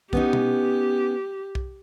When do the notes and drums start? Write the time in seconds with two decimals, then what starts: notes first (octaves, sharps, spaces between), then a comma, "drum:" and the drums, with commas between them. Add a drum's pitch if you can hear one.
0.13 B3 C#4 D#4 G4, drum: kick B1
0.33 drum: tom B2
1.55 drum: kick B1